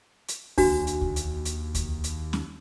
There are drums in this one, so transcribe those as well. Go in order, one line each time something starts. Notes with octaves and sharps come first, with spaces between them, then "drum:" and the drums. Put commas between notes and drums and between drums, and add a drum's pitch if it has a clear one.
drum: hi-hat
D#2 D4 F#4, drum: kick C#2, open hi-hat
drum: hi-hat
drum: kick C#2
drum: hi-hat
drum: hi-hat
drum: kick C#2, hi-hat
drum: hi-hat
drum: snare